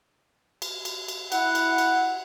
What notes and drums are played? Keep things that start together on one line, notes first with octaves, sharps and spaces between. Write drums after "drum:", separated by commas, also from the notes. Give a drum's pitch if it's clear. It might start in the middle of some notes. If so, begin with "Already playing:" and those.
drum: cymbal
drum: cymbal
drum: cymbal
E4 F#5, drum: cymbal
drum: cymbal
drum: cymbal